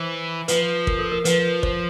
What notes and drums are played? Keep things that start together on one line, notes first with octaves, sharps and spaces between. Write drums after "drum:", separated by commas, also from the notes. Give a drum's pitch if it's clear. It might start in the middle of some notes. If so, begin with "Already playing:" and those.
Already playing: E3 C5
F3 B4, drum: hi-hat
A#4, drum: kick
A4
A#4
F3 B4, drum: hi-hat
C5, drum: kick